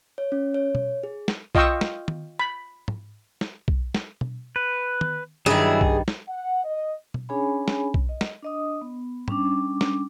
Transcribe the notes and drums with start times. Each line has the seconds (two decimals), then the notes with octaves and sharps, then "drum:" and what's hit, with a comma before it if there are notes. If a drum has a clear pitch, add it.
0.18 C#5
0.32 C#4
0.54 C#5
0.75 drum: tom B2
1.03 G#4
1.28 drum: snare
1.55 F4 D#5 F5 G5 C#6 E6, drum: kick B1
1.81 drum: snare
2.08 drum: tom D#3
2.39 B5
2.88 drum: tom
3.41 drum: snare
3.68 drum: kick B1
3.95 drum: snare
4.21 drum: tom B2
4.56 B4
5.01 drum: tom D#3
5.46 G2 D#3 F#3 E4 G#4
5.81 drum: kick B1
6.08 drum: snare
6.28 F#5
6.64 D#5
7.14 drum: tom B2
7.29 C#4 D4 G#4 C#5 G#5 B5
7.68 drum: snare
7.94 drum: kick B1
8.09 D#5
8.21 drum: snare
8.42 D4 D#5 D#6
8.81 B3
9.28 G3 C#4 D4 D6, drum: tom
9.81 drum: snare